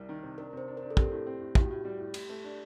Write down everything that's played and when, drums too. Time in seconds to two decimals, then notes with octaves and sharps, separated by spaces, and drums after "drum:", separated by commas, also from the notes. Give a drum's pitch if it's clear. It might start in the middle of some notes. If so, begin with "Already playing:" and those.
Already playing: C2 G3 A#4
0.09 D#3
0.23 C3
0.38 D4 A#4
0.53 C3 C5
0.68 D4
0.77 A#4
0.82 D4
0.90 A4
0.97 C4 G4, drum: kick
1.11 A2
1.27 C4
1.40 A2
1.55 A2 G4, drum: kick
1.64 F#4
1.71 A2 G4
1.85 G3
2.00 A2
2.14 A2, drum: cymbal
2.29 A3
2.44 D4